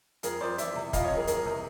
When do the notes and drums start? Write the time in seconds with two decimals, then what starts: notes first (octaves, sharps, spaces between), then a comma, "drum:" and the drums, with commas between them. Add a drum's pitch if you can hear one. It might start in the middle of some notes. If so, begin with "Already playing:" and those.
0.23 F2 G#4 A#4, drum: hi-hat
0.41 F2 C5 D5
0.58 E3 D5 E5, drum: hi-hat
0.76 C3
0.93 F2 D#5 F5, drum: kick, hi-hat
1.05 C#5 D#5
1.11 F2
1.17 G#4 A#4
1.27 E3 G#4 A#4, drum: hi-hat
1.45 C3